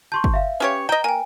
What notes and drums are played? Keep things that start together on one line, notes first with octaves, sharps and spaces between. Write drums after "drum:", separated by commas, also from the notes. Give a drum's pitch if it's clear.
A5 C6 C#6 G6
drum: kick
E5 F5
C#4 G4 B4 C#5 G#6
D#5 G5 A#5
A#3 G5 G#5